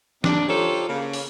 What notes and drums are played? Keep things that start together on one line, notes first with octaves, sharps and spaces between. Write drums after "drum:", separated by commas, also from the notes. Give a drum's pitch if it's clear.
D#2 D4, drum: snare
D#4 F4 G4 A4 C5 C#5
C#3 A#3
drum: open hi-hat